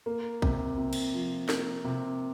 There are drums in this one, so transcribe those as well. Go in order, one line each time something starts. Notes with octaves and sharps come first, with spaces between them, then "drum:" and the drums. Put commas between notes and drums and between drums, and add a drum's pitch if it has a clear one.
A#3
C3, drum: kick
C3
drum: cymbal
F3
A#3, drum: snare
C3